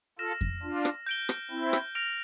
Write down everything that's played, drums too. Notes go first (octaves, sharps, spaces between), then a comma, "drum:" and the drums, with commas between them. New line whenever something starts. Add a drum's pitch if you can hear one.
F4 A4 F6 A#6 E7
drum: kick F2
D4 F4
drum: rim click
G6 D7 G7
drum: rim click
C4 E4
drum: rim click
F6 A#6 D7 F7